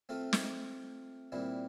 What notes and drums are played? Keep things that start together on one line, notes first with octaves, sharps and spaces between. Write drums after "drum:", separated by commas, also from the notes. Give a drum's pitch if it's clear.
A3 C4 F4 A4
drum: snare
A#2 G3 C4 E4